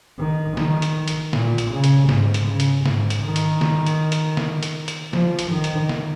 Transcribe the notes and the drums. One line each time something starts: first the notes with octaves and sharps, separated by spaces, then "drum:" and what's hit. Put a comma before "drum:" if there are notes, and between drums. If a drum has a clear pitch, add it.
D#3
D#3, drum: snare
drum: hi-hat
drum: hi-hat
A#2, drum: snare
drum: hi-hat
C#3
drum: hi-hat
G#2, drum: snare
drum: hi-hat
C#3
drum: hi-hat
G#2, drum: snare
drum: hi-hat
D#3
drum: hi-hat
drum: snare
drum: hi-hat
drum: hi-hat
drum: snare
drum: hi-hat
drum: hi-hat
F3, drum: snare
drum: hi-hat
D#3
drum: hi-hat
drum: snare